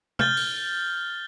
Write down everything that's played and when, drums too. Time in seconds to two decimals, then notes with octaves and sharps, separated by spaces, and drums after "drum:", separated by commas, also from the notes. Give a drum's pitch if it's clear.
0.19 F6 G6 A6 G7, drum: tom C3
0.37 drum: open hi-hat